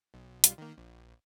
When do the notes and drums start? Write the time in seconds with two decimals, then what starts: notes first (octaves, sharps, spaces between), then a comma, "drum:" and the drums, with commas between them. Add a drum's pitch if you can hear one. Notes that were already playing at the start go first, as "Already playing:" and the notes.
0.14 B1
0.44 B1 G3 F4, drum: hi-hat
0.58 D#3 A#3
0.78 A#1